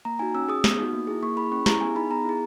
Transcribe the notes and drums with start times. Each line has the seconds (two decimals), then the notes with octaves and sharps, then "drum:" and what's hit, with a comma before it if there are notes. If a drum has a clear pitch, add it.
0.05 A#3 A#5
0.19 D#4 F#4 G#5
0.35 C#4 E6
0.49 G#4 D#6
0.64 B3, drum: snare
0.78 D#4 F#4
0.93 A#3
1.07 E4 G#4
1.22 A#3 C#6
1.37 E4 G#4 B5
1.52 C#4 C#6
1.66 E4 G#4 A#5, drum: snare
1.81 B3 G#5
1.95 D#4 G#4 B5
2.10 B3 A#5
2.25 E4 G#4